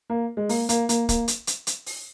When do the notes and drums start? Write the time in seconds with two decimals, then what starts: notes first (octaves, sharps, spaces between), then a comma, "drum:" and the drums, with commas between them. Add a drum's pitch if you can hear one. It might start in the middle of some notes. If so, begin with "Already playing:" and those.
0.10 A#3
0.37 G#3
0.49 A#3, drum: open hi-hat
0.69 A#3, drum: hi-hat
0.89 A#3, drum: hi-hat
1.09 A#3, drum: kick, hi-hat
1.28 drum: hi-hat
1.47 drum: hi-hat
1.67 drum: hi-hat
1.86 drum: open hi-hat